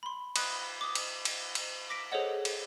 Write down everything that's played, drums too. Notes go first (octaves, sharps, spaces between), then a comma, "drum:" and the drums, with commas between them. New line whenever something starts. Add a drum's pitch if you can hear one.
B5 C6
B5 D#6 F#6, drum: cymbal
D6 D#6
drum: cymbal
drum: cymbal
drum: cymbal
D6 A#6 B6 D7
G#4 A4 C5 C#5 D#5 F#5
drum: cymbal